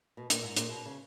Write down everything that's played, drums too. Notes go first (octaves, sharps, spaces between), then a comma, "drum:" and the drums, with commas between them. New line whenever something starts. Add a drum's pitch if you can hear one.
B2
A#2, drum: hi-hat
G#2
A#2, drum: hi-hat
B2
C#3